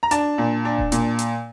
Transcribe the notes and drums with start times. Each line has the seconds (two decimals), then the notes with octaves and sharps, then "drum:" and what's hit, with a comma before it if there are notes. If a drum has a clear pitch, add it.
0.03 A#5
0.11 D4 A5, drum: hi-hat
0.38 A#2
0.65 D4
0.78 drum: kick D#1
0.92 A#2, drum: hi-hat
1.19 drum: hi-hat